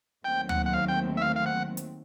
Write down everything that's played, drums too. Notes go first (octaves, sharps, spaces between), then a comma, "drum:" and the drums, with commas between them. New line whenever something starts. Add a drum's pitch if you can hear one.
D#2 D#3 F#3 A3 C4 G5
F#5, drum: tom D2
F#5
F5
G5
E5
F5
F5
F#5
drum: hi-hat